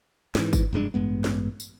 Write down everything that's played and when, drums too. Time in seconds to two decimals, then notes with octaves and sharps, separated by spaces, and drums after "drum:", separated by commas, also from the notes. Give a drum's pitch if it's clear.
0.35 G#2 E3, drum: snare
0.53 drum: kick G1, tambourine
0.73 F1 G2 G#3 D4
0.94 A1 G2 G#3 B3
1.24 drum: snare
1.60 drum: tambourine